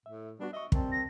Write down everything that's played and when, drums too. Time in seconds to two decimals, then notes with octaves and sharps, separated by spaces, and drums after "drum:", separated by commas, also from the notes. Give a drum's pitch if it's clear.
0.06 A2 E5
0.40 G3 B3 D4 F#4
0.53 D#5 E5 C#6
0.72 D2 G3 C4 A#4 A5, drum: kick
0.92 A#6